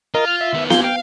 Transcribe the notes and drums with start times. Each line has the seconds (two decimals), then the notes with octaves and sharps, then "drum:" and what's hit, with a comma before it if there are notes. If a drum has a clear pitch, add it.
0.14 F4 A#4 D#5
0.27 F6
0.41 E5
0.53 D#3 B3
0.70 A#3 F4 G#5 G6, drum: snare B3
0.84 F5 G5